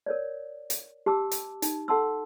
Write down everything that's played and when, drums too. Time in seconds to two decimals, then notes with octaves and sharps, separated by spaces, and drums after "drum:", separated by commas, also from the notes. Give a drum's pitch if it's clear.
0.06 A#4 C#5 D5
0.70 drum: hi-hat
1.06 G4 A5 D6 E6
1.31 drum: hi-hat
1.62 D#4, drum: hi-hat
1.88 A4 F#5 A5 C6 E6